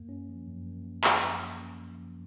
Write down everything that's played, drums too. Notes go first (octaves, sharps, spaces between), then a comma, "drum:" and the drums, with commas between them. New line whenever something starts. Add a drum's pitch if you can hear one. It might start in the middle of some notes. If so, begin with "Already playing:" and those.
Already playing: F#2 A#3
C#4
F3
F#2
A#3
C#4
F3, drum: clap
F#2
A#3
C#4
F3
F#2